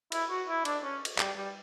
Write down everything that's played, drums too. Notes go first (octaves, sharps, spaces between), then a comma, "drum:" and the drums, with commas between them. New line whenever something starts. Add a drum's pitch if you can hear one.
E4, drum: cymbal
F#4
E4
D4, drum: cymbal
C#4
drum: cymbal
G3, drum: clap
G3